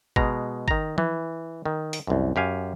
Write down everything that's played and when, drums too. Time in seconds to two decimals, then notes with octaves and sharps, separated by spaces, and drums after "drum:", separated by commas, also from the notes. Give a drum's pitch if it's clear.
0.16 B2 G#3 A#5, drum: kick G1
0.68 D#3 A#5, drum: kick G1
0.98 E3, drum: tom F3
1.66 D#3
1.93 drum: open hi-hat
2.07 C2 F#2
2.36 F#2 G4 F5 G#5